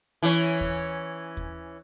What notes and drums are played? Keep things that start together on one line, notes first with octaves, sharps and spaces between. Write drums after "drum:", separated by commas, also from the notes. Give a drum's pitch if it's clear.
E3 C#4
drum: kick
drum: kick